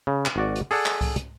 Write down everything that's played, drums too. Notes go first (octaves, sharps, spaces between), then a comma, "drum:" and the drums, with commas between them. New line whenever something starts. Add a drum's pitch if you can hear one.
C#3
drum: clap
G#1 F#4 D5
drum: hi-hat
G#4 A4 D5 F#5 G#5 A5, drum: open hi-hat
drum: clap
drum: kick C2, open hi-hat
drum: hi-hat